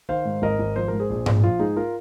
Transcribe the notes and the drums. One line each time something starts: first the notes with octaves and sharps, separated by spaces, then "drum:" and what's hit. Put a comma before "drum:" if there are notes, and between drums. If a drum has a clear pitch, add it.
D#3 C5 F5
G#2
G#1 A#4 D#5
G#1
F3 C5
G#2 A#4
G#4 C5
A#1
A#1, drum: tom G#2
F3 F4
G#2 D#4 G#4
F4 A#4